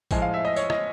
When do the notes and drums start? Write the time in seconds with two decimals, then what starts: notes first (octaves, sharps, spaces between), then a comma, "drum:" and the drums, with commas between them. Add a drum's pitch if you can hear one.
0.11 A2 F3 G#3 G#5, drum: kick A1, tambourine
0.22 F5
0.34 E5
0.45 D#5
0.56 C#5, drum: tambourine
0.70 D#5, drum: rim click